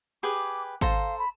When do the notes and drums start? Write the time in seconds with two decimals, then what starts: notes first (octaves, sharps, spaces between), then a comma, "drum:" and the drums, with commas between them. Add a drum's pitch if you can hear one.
0.23 G4 G#4 B4 D6
0.81 A4 C5 F5 A#5, drum: kick G#1
1.18 B5